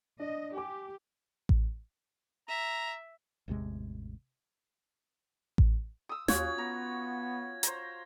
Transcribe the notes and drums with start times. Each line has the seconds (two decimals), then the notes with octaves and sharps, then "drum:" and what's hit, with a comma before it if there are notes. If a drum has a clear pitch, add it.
0.20 D4 D#5
0.56 G4 G#5 D6
1.49 drum: kick A1
2.48 E5 A#5
3.48 A1 E2 C3 G#3
5.58 drum: kick A1
6.09 D#6 E6
6.28 D#2 C#4 F4 F#4 G#6, drum: snare
6.58 B3 A#5
7.63 C5 A#5, drum: hi-hat